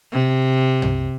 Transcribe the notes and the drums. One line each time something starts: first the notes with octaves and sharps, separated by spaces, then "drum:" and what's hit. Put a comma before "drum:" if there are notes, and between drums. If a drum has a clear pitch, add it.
C3
drum: tom